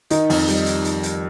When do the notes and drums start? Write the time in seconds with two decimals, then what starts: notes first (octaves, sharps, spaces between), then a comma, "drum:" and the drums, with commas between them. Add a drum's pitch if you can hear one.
0.10 D#3 D#4, drum: hi-hat
0.30 F2, drum: open hi-hat
0.48 G3, drum: hi-hat
0.66 drum: hi-hat
0.85 drum: hi-hat
1.03 drum: hi-hat